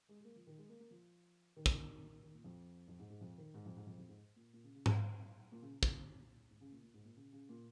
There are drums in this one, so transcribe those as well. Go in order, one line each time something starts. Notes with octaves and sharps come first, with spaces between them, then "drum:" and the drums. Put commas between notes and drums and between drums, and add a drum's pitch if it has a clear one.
G#3
G#3
A#3
F3
D#3
G#3
A#3
A#3
F3
D#3
drum: kick
D#3
A#2
F2
F2
G#2
G#2
F2
D#3
G#2
F2
G#2
F2
F2
G#2
A#2
A#2
C#3
C#3
G#2, drum: tom G#2
A#2
C#3
drum: kick
G#2
C#3
A#2
A#2
G#2
A#2
C#3
C#3
A#2